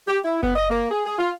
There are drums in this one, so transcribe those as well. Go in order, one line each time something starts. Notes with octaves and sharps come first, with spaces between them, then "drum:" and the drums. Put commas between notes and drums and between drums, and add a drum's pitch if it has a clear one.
G4
E4
B3, drum: kick F#1
D#5
A#3
G#4
G#4
F4